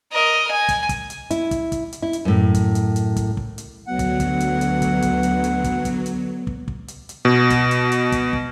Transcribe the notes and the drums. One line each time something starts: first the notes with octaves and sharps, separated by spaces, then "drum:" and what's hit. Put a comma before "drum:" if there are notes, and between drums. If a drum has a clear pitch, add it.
A#4 D#5
G#5
drum: kick, hi-hat
drum: kick, hi-hat
drum: hi-hat
E4, drum: hi-hat
drum: kick, hi-hat
drum: kick, hi-hat
drum: hi-hat
E4
drum: hi-hat
F#2 A2
drum: kick, hi-hat
drum: hi-hat
drum: hi-hat
drum: kick, hi-hat
drum: kick
drum: hi-hat
D2 D3 F#3 B3 F#5
drum: kick, hi-hat
drum: kick, hi-hat
drum: hi-hat
drum: hi-hat
drum: kick, hi-hat
drum: kick, hi-hat
drum: hi-hat
drum: hi-hat
drum: kick, hi-hat
drum: kick, hi-hat
drum: hi-hat
drum: kick
drum: kick
drum: hi-hat
drum: hi-hat
B2
drum: kick, hi-hat
drum: hi-hat
drum: hi-hat
drum: kick, hi-hat
drum: kick